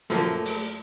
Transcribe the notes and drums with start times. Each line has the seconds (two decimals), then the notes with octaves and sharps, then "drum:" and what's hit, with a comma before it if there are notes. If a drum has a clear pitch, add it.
0.10 F#2 F3 A3 A#3, drum: hi-hat
0.45 drum: open hi-hat